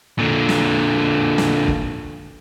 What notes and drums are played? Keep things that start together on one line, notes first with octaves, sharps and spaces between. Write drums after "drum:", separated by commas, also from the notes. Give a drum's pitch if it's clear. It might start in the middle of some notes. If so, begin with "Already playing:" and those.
A#2 D3
drum: snare
drum: snare
drum: kick